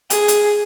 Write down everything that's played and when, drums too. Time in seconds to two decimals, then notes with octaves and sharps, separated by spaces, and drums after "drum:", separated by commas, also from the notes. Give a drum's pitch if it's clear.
0.10 G#4, drum: hi-hat
0.28 drum: hi-hat